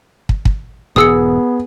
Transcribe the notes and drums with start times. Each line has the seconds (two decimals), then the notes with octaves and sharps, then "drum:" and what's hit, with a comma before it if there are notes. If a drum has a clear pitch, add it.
0.29 drum: kick
0.45 drum: kick
0.96 E1 G#2 B3 G#4 D#6 E6 C#7